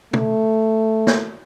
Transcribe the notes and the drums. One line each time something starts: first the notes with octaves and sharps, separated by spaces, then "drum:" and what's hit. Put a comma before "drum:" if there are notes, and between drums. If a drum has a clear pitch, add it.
A3, drum: tom
drum: snare A#3